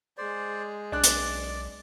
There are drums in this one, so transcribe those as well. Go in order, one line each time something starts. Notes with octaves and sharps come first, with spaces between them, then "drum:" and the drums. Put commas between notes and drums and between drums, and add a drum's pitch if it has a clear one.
G#3 G#4 C5 D5
B1 D4 D5 F#6
drum: hi-hat